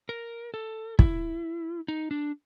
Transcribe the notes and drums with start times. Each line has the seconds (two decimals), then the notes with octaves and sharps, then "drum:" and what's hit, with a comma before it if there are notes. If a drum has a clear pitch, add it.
0.09 A#4
0.54 A4
0.99 E4, drum: kick
1.88 D#4
2.11 D4